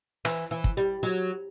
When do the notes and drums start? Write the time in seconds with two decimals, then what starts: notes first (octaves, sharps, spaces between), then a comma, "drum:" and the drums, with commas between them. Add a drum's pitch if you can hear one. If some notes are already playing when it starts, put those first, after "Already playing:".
0.25 E3, drum: rim click
0.51 E3
0.64 drum: kick
0.77 G3
1.03 F#3